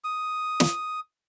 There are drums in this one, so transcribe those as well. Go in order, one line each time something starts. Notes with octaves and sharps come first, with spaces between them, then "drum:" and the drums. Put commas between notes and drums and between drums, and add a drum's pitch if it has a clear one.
D#6
drum: snare